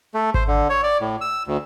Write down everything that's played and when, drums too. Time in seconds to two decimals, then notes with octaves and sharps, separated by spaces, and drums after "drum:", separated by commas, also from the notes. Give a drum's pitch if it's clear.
0.14 A3
0.34 C5, drum: kick G#1
0.47 D3
0.70 C#5
0.83 D5
1.01 A2
1.21 E6
1.47 D2